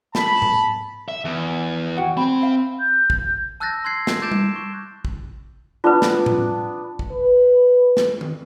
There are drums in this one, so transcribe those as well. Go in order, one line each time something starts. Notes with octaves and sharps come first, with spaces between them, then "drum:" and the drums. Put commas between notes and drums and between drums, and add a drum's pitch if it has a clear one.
A5 B5, drum: snare
drum: tom G#2
E5
E2
F#4 F#5 G5
C4 G#5 B5
E5 F5
G6
drum: kick
A5 E6 F#6 G6 A6 A#6
C6 F#6 G#6 C7
drum: snare
D6 G6 A6 D7 E7
drum: tom G3
C#6
drum: kick
B3 D4 F4 B4
drum: snare
drum: tom A2
drum: kick
B4
drum: snare
drum: tom D#3